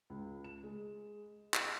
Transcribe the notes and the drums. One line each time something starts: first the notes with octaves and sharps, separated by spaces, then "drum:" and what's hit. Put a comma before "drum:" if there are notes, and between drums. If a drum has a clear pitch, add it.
C#2
E7
G#3
B6, drum: clap